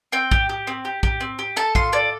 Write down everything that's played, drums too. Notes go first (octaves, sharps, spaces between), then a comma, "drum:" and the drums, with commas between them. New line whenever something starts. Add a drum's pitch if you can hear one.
C4 G5
G4, drum: kick A#1
G4
C4
G4
G4, drum: kick A#1
C4
G4
A4 A5
F4 C6, drum: kick A#1
A4 D5